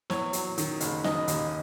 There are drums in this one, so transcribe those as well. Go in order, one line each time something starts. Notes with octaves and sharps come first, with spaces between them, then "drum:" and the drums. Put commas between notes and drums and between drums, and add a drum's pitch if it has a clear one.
E2 C#5, drum: snare
F#3, drum: hi-hat
D#3, drum: hi-hat
F#1, drum: hi-hat
D#3 D#5, drum: snare
D#2, drum: hi-hat